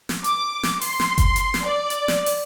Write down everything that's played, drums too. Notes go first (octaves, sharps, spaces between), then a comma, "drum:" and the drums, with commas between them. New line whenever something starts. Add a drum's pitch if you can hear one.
drum: snare
D6, drum: hi-hat
drum: snare
C6, drum: open hi-hat
drum: snare
drum: kick F#1, hi-hat
drum: hi-hat
drum: snare
D5
drum: hi-hat
drum: snare
drum: open hi-hat